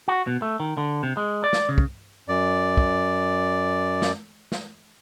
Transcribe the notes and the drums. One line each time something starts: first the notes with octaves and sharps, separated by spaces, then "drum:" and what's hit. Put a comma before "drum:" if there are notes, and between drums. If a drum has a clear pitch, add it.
F#4
B2
A3
D#3
D3
C3
G#3
D5
drum: snare
C#3
drum: kick
F#2 D5
drum: kick
drum: snare
drum: snare